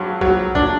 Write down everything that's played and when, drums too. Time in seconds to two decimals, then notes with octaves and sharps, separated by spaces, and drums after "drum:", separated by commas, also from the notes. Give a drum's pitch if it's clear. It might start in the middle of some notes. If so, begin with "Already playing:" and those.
Already playing: G2 F#3
0.21 F#3, drum: kick A#1
0.55 D4, drum: kick A#1